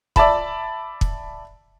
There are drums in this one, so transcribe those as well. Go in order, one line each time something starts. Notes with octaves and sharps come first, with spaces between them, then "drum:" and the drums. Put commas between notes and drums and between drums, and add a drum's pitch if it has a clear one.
D5 E5 A5 B5, drum: kick
drum: kick